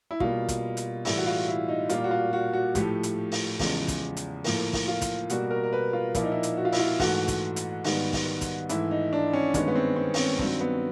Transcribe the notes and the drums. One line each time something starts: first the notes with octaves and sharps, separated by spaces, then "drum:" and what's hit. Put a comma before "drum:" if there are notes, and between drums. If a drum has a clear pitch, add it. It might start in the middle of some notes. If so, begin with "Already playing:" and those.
E4
B2 G3 A#3 F4, drum: kick
drum: kick, hi-hat
drum: hi-hat
A2 E3 G3 E4, drum: open hi-hat
F#4
F4
E4
D#4
A#2 G3 A#3 F4, drum: hi-hat
F#4
F4
F#4
F#4
A2 F3 A3 G4, drum: kick, hi-hat
drum: hi-hat
drum: open hi-hat
E2 C#3 F3 G#3, drum: kick, open hi-hat
drum: kick, hi-hat
drum: hi-hat
A2 F3 A#3, drum: open hi-hat
drum: kick, open hi-hat
F4
drum: kick, hi-hat
B2 G3 A#3 F#4, drum: hi-hat
A#4
A#4
B4
F4
A#2 F3 A#3 E4, drum: kick, hi-hat
D#4
E4
drum: hi-hat
F#4
F4
E4, drum: open hi-hat
F4
G#2 E3 A3 F#4, drum: kick, open hi-hat
drum: kick, hi-hat
drum: hi-hat
G#2 D#3 G3 B3, drum: open hi-hat
drum: kick, open hi-hat
drum: kick, hi-hat
G#2 E3 A3 E4, drum: hi-hat
D#4
D4
C#4
G2 D#3 G#3 B3 C#4, drum: kick, hi-hat
B3
C4
C4
C#4, drum: open hi-hat
C4
G2 D#3 F#3 C4, drum: kick
B3